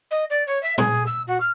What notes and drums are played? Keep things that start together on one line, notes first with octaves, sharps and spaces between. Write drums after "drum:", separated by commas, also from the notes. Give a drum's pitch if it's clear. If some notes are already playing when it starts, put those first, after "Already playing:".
D#5
D5
C#5
E5
G#4, drum: tom A#2
E6
F#4
F6